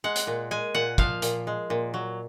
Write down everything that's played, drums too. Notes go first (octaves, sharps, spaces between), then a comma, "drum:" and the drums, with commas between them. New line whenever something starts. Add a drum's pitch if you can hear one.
G#3 F#5
drum: hi-hat
A#2
G#3 G#5
A#2 F#5
F3 F5, drum: kick
A#2, drum: hi-hat
G#3
A#2
F#3